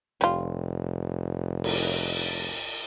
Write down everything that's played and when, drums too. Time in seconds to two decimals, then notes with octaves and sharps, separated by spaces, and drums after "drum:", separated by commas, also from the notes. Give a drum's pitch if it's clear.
0.21 F1 G3 F4, drum: hi-hat
1.64 drum: cymbal